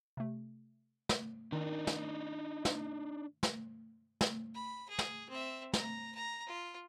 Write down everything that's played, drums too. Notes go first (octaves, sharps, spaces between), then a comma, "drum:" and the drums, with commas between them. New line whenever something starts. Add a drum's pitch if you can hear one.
C3 A3
drum: snare
D#3 D4 D#4
drum: snare
drum: snare
drum: snare
drum: snare
B5
G#4
drum: snare
C4 E5
A#5, drum: snare
A#5
F4